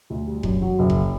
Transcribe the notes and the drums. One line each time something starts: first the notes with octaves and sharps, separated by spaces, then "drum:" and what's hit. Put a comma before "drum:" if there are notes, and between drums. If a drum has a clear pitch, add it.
D2
G3
F#2, drum: kick F1
F#3
F#1
drum: kick F1